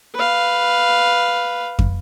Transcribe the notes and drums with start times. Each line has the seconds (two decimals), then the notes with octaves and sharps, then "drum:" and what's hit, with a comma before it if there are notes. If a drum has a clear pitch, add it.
0.15 B4 F5
1.79 drum: kick